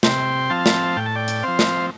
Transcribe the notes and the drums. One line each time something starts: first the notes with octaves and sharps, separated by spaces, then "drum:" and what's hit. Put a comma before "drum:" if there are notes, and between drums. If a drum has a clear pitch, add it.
C3 G5 C6, drum: snare
F3 C4 F5 A5
drum: snare
A2 G5
A5
D5 G5
drum: hi-hat
F3 C4 C5 F5
drum: snare